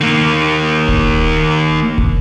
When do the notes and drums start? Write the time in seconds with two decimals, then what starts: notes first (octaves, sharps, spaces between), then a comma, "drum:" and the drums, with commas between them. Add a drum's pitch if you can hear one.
0.01 D#3 A#3
0.88 drum: kick D#1
1.98 drum: kick D#1